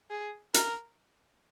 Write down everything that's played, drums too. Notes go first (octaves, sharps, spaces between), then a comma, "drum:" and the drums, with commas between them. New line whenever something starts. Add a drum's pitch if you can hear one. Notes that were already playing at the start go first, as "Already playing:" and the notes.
G#4
A#4, drum: hi-hat